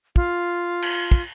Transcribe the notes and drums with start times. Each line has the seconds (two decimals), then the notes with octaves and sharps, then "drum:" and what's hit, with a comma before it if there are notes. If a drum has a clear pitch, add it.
0.16 F4, drum: kick
0.82 drum: cymbal
1.12 drum: kick